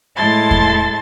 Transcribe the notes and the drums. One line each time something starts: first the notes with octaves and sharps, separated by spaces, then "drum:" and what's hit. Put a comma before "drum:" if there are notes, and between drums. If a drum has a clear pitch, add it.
A2 G#3 E4 A5 C6 A6
drum: kick E2